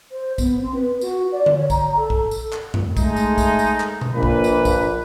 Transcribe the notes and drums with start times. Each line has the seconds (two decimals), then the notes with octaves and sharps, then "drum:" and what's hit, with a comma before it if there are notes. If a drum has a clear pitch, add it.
0.11 C5
0.38 B3, drum: kick, tambourine
0.61 C4
0.74 B4
1.01 F#4, drum: tambourine
1.32 D5
1.46 drum: tom D3
1.56 C#5
1.70 A#5, drum: kick, tambourine
1.96 A4
2.10 drum: kick
2.31 drum: tambourine
2.53 drum: clap
2.74 drum: tom F2
2.97 G#3 A3 D#4, drum: kick, tambourine
3.16 drum: tambourine
3.38 drum: kick, tambourine
3.59 drum: tambourine
3.80 drum: clap
4.01 drum: tom B2
4.13 A#1 A#2 A#3 D4 B4
4.23 drum: kick
4.44 drum: tambourine
4.65 drum: kick, tambourine